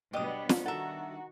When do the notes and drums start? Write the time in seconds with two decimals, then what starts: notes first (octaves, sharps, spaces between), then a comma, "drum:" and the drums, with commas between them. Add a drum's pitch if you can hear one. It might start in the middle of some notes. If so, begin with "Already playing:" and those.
0.13 B2 F#3 G3 B3 D4 G4 D#5 D#6
0.49 drum: snare
0.66 D#3 F#4 A4 E5 F#5 A#5